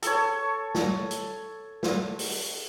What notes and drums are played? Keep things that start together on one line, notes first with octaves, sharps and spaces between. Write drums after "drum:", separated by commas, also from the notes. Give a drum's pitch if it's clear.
A4 C#5, drum: hi-hat
drum: snare
drum: hi-hat
drum: snare
drum: open hi-hat